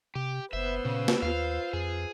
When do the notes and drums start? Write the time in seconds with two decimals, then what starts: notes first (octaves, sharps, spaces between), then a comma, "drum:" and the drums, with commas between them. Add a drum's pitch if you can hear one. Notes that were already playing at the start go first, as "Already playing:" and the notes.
0.15 C3 G4
0.53 F#1 B3 B4 C5 E5 E6
0.85 A#2 C#3
1.08 drum: snare A#3
1.22 D#2 F4 C5 F5
1.73 F2 G#4